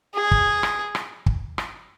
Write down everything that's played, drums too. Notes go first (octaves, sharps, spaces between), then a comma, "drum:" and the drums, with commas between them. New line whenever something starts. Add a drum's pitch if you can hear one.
G#4
drum: kick
drum: rim click
drum: rim click
drum: kick
drum: rim click